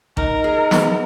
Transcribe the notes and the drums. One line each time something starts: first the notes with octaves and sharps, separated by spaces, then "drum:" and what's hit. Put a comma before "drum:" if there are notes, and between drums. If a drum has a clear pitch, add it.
D#4 A#4, drum: kick A1
G#4
B3, drum: snare